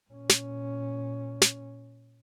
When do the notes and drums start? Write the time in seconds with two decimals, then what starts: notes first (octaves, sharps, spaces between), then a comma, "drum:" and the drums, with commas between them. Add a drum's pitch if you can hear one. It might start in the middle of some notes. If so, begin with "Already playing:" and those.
0.11 A#2 C#4
0.29 drum: snare
1.42 drum: snare